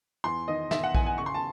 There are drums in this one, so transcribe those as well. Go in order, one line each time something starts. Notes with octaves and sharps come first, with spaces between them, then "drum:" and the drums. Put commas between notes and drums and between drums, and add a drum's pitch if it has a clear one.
E2 C6
D#3 D#5
D#3 E5, drum: snare
F#5
E2 G#5, drum: kick A#1
G#5
C#3 C#6
C6
A5